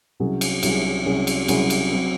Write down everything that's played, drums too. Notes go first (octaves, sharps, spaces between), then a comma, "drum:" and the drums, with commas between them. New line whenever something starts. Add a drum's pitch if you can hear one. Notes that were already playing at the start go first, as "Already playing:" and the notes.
C2 C3 F#3 C#4 G#4
drum: cymbal
C2 C3 F#3 C#4 G#4, drum: cymbal
C2 C3 F#3 C#4 G#4
drum: cymbal
C2 C3 F#3 C#4 G#4, drum: cymbal
drum: cymbal
F#3 C4